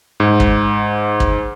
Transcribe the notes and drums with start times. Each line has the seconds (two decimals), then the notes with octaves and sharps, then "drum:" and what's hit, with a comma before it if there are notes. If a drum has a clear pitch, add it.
0.20 G#2
0.40 drum: kick
1.20 drum: kick